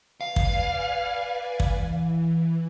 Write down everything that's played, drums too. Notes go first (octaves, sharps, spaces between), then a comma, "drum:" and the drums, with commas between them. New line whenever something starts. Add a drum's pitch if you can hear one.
B4 D5 F5 G#5
drum: kick
drum: kick
E3